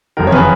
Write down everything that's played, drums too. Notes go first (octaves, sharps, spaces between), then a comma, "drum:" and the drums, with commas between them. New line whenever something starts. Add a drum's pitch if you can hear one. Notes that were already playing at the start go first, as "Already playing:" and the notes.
F#1 F2 D#3 A#4
C#5
G#4 B4, drum: tom